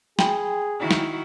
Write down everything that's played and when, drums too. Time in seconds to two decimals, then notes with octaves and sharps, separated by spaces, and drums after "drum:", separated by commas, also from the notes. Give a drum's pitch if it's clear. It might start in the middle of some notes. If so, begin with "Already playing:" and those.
0.19 G#4 G5 B5 C6, drum: snare
0.79 D#3 E4 F#4
0.91 drum: snare